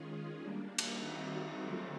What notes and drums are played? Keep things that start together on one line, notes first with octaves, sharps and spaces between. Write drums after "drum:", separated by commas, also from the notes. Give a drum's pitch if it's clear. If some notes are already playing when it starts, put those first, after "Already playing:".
Already playing: D#3 G#3 C#4 F4 G#4
G3 A#3 D4
drum: cymbal
D#3 G3 C4 D#4 F#4
D3 F#3 A3 C4 F4